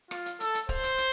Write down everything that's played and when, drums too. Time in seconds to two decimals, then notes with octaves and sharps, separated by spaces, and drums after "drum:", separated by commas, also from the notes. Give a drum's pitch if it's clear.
0.11 F4, drum: rim click
0.26 drum: hi-hat
0.40 A4, drum: hi-hat
0.55 drum: hi-hat
0.69 C5, drum: kick, open hi-hat
0.83 drum: hi-hat
0.98 drum: hi-hat